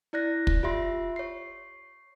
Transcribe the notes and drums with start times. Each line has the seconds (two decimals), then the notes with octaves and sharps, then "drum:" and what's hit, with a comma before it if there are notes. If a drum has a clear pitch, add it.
0.13 E4 D5 F#6 A#6
0.47 drum: kick
0.63 F4 G4 E5 C6
1.16 C#5 C7